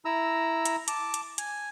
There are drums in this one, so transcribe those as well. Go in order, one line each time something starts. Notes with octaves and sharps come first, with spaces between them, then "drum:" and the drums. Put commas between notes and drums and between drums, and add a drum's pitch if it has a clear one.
E4 A#5 E6
drum: hi-hat
A5 D6, drum: hi-hat
drum: hi-hat
G#5, drum: hi-hat